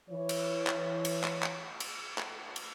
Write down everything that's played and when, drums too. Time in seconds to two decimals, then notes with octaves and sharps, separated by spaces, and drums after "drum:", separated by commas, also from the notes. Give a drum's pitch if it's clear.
0.10 E3 C#5
0.29 drum: cymbal
0.67 drum: clap
1.05 drum: cymbal
1.24 drum: clap
1.43 drum: clap
1.80 drum: cymbal
2.18 drum: clap
2.56 drum: cymbal